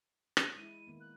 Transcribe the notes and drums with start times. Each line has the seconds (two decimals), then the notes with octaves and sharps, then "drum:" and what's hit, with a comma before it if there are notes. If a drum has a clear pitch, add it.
0.37 drum: rim click
0.56 G#3 E4 D#7
0.87 D#3 A#3 B3
1.00 F#6